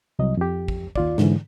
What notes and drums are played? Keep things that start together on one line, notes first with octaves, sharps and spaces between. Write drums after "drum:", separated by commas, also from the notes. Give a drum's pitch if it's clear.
C2 F#3 D#5
F2 G4
drum: kick
D#2 F4 D5, drum: kick
G#2 D3 E3, drum: snare